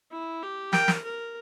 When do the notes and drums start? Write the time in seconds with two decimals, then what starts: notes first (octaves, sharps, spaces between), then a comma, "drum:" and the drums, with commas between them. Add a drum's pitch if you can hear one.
0.12 E4
0.43 G4
0.73 A#4 G5, drum: snare
0.88 drum: snare
1.04 A#4